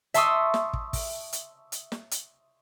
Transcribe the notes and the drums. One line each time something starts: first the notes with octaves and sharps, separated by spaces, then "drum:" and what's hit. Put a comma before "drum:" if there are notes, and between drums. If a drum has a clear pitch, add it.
E5 A5 C6 C#6 D#6 E6, drum: hi-hat
drum: snare
drum: kick
drum: kick, open hi-hat
drum: hi-hat
drum: hi-hat
drum: snare
drum: hi-hat